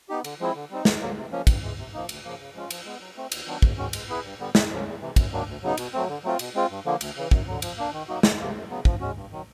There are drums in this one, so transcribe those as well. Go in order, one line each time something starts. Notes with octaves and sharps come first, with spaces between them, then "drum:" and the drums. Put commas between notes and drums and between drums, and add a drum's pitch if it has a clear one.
B3 D#4 G4
D3, drum: cymbal
F3 G#3 C4 E4
D3
G3 C4 D#4
D2, drum: snare
D3 F#3 A#3
C3
F3 A#3 C#4
G2, drum: kick, cymbal
E3 G#3
C3
F3 A#3 D#4
D2, drum: cymbal
C#3 F3 A#3
C#3
F3 G#3 C#4 F4
F3, drum: cymbal
G#3 B3
F#3
A3 C4
D#2, drum: cymbal
D#3 F#3 B3 D4
D#2, drum: kick
D#3 G#3 C#4 F#4
G#3, drum: cymbal
B3 E4 G#4 B4
G2
D3 G3 B3
C3, drum: snare
F3 A#3 C#4
E2
C3 E3
F#2, drum: kick, cymbal
D#3 F#3 A#3 D4
D2
C#3 F#3 B3 D#4
B2, drum: cymbal
F#3 A3 C4
D3
F#3 A3 C4 F4
B2, drum: cymbal
G#3 C4 F4
G2
D3 F3 A#3
D2, drum: cymbal
C#3 E3
F#2, drum: kick
D3 F#3
F3, drum: cymbal
A#3 D4
D#3
F#3 A#3 D#4 F#4
E2, drum: snare
C3 F3 A#3
F#2
C#3 F#3 B3
F3, drum: kick
G#3 C#4 F#4
G2
D#3 F#3